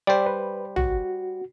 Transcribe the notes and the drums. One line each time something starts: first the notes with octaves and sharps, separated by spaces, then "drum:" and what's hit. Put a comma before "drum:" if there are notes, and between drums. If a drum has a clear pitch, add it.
G3 C5 D5 G5
B4
F#4, drum: tom A1